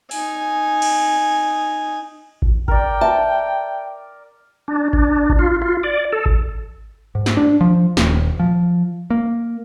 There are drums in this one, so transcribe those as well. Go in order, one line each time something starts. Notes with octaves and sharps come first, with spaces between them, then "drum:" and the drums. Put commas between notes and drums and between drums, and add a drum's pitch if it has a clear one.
D#4 G#5, drum: open hi-hat
drum: cymbal
drum: kick G#1
A#4 D5 G5, drum: kick G#1
E5 A5
D4
D4, drum: kick G#1
drum: kick G#1
F4
F4
D5
A4
drum: kick G#1
G#2
drum: snare
D4
F3
D#1, drum: snare
F3
A#3